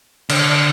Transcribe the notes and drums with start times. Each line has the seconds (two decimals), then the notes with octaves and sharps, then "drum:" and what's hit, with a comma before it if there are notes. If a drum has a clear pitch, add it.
0.30 D3, drum: cymbal